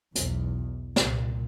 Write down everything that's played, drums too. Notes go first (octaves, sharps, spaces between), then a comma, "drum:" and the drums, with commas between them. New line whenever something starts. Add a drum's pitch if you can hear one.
B1 E2, drum: hi-hat
C2 A#2, drum: snare